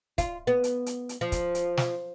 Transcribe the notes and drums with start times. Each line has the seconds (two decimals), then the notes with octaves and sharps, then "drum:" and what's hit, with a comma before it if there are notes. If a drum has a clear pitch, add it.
0.18 F4, drum: kick, hi-hat
0.47 B3
0.64 drum: hi-hat
0.86 drum: hi-hat
1.09 drum: hi-hat
1.21 F3
1.32 drum: kick, hi-hat
1.55 drum: hi-hat
1.77 drum: snare